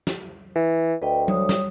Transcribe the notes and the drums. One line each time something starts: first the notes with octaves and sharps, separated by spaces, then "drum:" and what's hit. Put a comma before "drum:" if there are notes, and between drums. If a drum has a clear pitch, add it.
drum: snare
E3
D2 B4 D#5 G5
G3 C#5 D#6, drum: tom F#3
drum: snare